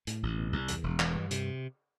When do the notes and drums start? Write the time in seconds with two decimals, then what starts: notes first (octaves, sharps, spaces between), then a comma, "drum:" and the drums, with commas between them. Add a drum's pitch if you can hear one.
0.07 A2, drum: hi-hat
0.23 A1
0.38 B2
0.53 C2
0.68 E2, drum: hi-hat
0.83 E1
1.00 E3, drum: clap
1.15 G2
1.31 C3, drum: hi-hat